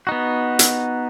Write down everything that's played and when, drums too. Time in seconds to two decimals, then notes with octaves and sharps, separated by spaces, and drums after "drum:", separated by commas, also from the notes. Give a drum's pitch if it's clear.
0.07 B3 D#4 F#4
0.59 drum: hi-hat